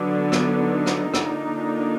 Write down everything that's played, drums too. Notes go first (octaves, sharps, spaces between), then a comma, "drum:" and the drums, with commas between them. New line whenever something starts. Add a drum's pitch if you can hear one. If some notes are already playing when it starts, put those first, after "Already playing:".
Already playing: D3 F#3 B3 D4
D#4, drum: rim click
drum: rim click
D3 F3 A#3 D4, drum: rim click